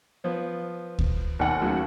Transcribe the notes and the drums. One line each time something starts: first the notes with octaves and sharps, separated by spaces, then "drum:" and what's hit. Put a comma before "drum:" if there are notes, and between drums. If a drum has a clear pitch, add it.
F3 B3
drum: kick D2
D#2 F#5
C#3 F#3 A3